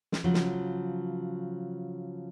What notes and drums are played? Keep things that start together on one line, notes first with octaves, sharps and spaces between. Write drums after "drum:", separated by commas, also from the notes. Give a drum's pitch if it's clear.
drum: snare
C#3 F3 F#3
drum: snare